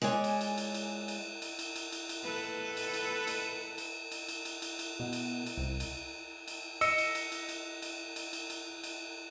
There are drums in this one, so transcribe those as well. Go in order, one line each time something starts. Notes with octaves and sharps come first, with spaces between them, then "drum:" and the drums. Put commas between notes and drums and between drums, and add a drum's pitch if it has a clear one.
G#3 C#5 D5 G#5
drum: cymbal
drum: cymbal
drum: cymbal
drum: cymbal
drum: cymbal
drum: cymbal
drum: cymbal
drum: cymbal
drum: cymbal
drum: cymbal
A4 B4
drum: cymbal
drum: cymbal
drum: cymbal
drum: cymbal
drum: cymbal
drum: cymbal
drum: cymbal
drum: cymbal
drum: cymbal
B2
drum: cymbal
drum: cymbal
C2
drum: cymbal
drum: cymbal
D#5 E6 C#7, drum: cymbal
drum: cymbal
drum: cymbal
drum: cymbal
drum: cymbal
drum: cymbal
drum: cymbal
drum: cymbal
drum: cymbal
drum: cymbal